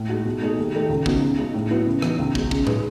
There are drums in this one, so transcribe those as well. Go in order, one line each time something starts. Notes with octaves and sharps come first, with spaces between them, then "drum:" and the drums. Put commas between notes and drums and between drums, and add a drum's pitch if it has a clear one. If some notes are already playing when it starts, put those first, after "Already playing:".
Already playing: A2
G#3 D#4 F#4
B2
A3 D#4 G#4
D#2
D#3 A3 D#4 A4
C#2
C#3 F#3 B3 D#4, drum: kick
C#3
G#3 D#4
A2
F#3 B3 E4 B4
C#3
E3 B3 D#4, drum: rim click
C#2
B2 G#3, drum: kick
C#3, drum: kick
G#3 D#4 G#4 B4, drum: tom A2